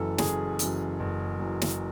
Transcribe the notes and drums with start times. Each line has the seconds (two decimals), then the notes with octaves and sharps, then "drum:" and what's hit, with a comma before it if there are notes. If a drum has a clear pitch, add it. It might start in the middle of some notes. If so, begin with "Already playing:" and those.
Already playing: F#1 F#2 E3 A4
0.18 F#1 G#4, drum: snare
0.59 F#2 E3, drum: hi-hat
1.00 F#1
1.39 F#2 E3
1.62 drum: snare